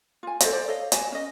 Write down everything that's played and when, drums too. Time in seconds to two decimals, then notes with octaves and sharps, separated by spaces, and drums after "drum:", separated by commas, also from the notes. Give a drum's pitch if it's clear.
0.23 F4 G#5
0.40 A4 C5 D5 D#5, drum: hi-hat
0.52 C5 D5
0.68 A4 C#5 D#5 F5
0.92 D5 D#5 G#5 A5, drum: hi-hat
1.12 C#4 D#5